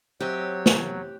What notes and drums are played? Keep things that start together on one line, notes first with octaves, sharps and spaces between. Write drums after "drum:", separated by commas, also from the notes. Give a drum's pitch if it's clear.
F#3 C4 G4 C#5 D#5 E5 F#6 G6
drum: snare